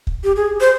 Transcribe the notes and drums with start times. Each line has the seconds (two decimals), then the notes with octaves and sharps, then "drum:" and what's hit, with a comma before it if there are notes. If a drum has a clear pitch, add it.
0.07 drum: kick
0.24 G4
0.36 G#4
0.61 C5